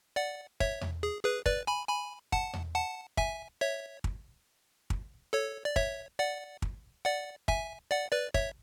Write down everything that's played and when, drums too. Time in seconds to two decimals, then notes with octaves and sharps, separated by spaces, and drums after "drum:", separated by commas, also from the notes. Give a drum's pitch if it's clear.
0.16 D5 F#5
0.60 C#5 E5, drum: kick
0.81 drum: tom E2
1.03 G#4
1.24 G#4 B4
1.46 B4 D5, drum: kick
1.67 G#5 B5
1.88 G#5 B5
2.32 F#5 A5, drum: kick
2.53 drum: tom E2
2.75 F#5 A5
3.17 E5 G#5, drum: kick
3.61 C#5 E5
4.04 drum: kick
4.90 drum: kick
5.33 A4 C#5
5.65 D5
5.76 C#5 E5, drum: kick
6.19 D5 F#5
6.62 drum: kick
7.05 D5 F#5
7.48 E5 G#5, drum: kick
7.91 D5 F#5
8.12 B4 D5
8.34 C#5 E5, drum: kick